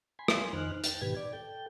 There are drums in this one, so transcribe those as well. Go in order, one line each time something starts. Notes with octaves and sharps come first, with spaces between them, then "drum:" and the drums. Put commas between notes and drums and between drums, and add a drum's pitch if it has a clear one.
G#5 B5 C6
drum: rim click
F2 D#3 D#4 C5 F6 F#6
G5 A5, drum: hi-hat
G#2 B2 D#3 G4 B4 G#6
D5
A4 G5